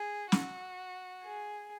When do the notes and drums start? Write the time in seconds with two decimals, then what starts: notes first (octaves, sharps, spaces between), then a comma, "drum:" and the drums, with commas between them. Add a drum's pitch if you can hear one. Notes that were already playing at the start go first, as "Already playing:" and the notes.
Already playing: G#4
0.32 F#4, drum: snare
1.24 G#4